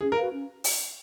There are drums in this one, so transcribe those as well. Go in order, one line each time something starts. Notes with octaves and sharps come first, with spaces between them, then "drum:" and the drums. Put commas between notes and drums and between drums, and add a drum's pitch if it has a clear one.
C#4 G#4
A#4
F#4 B4 F5
C#4
drum: open hi-hat